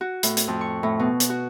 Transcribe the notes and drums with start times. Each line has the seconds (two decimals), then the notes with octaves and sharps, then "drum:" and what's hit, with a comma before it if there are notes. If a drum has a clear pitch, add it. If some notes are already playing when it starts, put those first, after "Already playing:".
0.01 F#4
0.23 A2, drum: hi-hat
0.37 drum: hi-hat
0.48 F2
0.61 C#6
0.83 A2
0.99 B2
1.20 drum: hi-hat
1.30 F#4